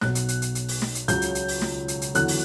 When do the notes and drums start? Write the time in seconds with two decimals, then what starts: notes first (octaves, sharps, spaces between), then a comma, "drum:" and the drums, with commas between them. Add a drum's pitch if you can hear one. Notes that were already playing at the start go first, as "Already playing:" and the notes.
0.01 B1 B2 F#3 F#6, drum: snare
0.15 drum: hi-hat
0.28 drum: hi-hat
0.42 drum: hi-hat
0.55 drum: hi-hat
0.68 drum: open hi-hat
0.82 drum: snare
0.95 drum: hi-hat
1.08 C#2 C#3 F#3 G6, drum: hi-hat
1.22 drum: hi-hat
1.35 drum: hi-hat
1.48 drum: open hi-hat
1.62 drum: snare
1.88 drum: hi-hat
2.02 drum: hi-hat
2.15 E2 D3 F#3 F#6, drum: hi-hat
2.28 drum: open hi-hat